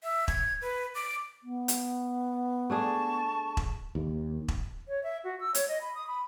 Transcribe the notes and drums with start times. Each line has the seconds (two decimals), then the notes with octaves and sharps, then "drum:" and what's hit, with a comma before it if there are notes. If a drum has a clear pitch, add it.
0.03 E5
0.28 G#6, drum: kick E1
0.62 B4
0.95 D6
1.43 B3
1.68 drum: hi-hat
2.70 A3 D4 G#4 A5 C#6
3.57 drum: kick E1
3.95 D#2
4.48 drum: kick E1
4.88 C#5
5.03 E5
5.24 F#4
5.40 E6
5.55 C#5, drum: hi-hat
5.68 D#5
5.81 B5
5.95 D#6
6.07 B5